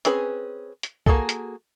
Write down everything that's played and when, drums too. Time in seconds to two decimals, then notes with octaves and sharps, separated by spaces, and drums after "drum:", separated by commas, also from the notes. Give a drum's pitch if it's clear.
0.05 C4 C#4 G#4 B4, drum: hi-hat
0.83 drum: hi-hat
1.06 A#3 F#4 G#4 A4, drum: kick
1.29 drum: hi-hat